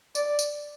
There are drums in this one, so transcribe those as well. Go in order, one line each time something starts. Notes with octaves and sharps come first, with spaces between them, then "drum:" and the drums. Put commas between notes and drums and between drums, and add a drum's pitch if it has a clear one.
D5, drum: tambourine
drum: tambourine